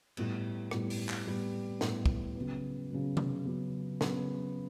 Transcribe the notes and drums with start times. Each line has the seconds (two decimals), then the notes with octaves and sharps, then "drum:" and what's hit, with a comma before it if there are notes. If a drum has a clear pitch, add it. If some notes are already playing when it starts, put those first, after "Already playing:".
0.17 A2 G3 B3, drum: cymbal
0.71 A2 G3 B3, drum: rim click
0.90 drum: open hi-hat
1.09 drum: clap
1.26 A2 G3 B3
1.81 A2 G3 B3, drum: snare
2.06 drum: kick
2.36 C#3 F#3 B3
2.91 C#3 F#3 B3
3.17 drum: tom C3
3.46 C#3 F#3 B3
4.01 C#3 F#3 B3, drum: snare